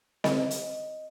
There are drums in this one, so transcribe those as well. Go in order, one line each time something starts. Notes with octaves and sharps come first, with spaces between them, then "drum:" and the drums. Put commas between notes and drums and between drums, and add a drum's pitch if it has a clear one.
D#5, drum: snare C4
drum: hi-hat